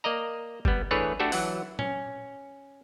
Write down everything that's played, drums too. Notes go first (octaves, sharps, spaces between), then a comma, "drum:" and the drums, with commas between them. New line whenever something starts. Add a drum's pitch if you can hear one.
A#3 D5 D#5 A#5
G3 B3, drum: kick G1
E3 A3 D4 G#4 B4 C#5
A3 D4 F#4 G4 A4 E5
E3 F#3 F#5, drum: open hi-hat
C#4, drum: tom A#2